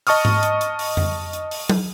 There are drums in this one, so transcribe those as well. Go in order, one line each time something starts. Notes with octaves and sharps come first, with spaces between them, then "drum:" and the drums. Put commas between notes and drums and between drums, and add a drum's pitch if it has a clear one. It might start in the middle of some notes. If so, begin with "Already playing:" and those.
D#5 A5 C#6 D#6 F6, drum: open hi-hat
drum: tom G#2
drum: hi-hat
drum: hi-hat
drum: open hi-hat
drum: tom F2
drum: hi-hat
drum: open hi-hat
drum: tom F#3